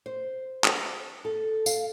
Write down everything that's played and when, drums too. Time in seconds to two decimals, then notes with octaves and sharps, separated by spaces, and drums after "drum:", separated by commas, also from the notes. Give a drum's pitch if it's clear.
0.06 C5
0.64 drum: clap
1.25 A4
1.66 F5, drum: tambourine